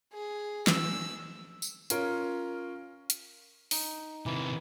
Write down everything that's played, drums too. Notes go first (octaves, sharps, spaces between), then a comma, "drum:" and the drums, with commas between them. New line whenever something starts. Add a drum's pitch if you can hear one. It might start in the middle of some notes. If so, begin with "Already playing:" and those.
G#4
E6, drum: snare
drum: tambourine
C#4 F4 A#4, drum: hi-hat
drum: hi-hat
D#4, drum: open hi-hat
C3 D#3 E3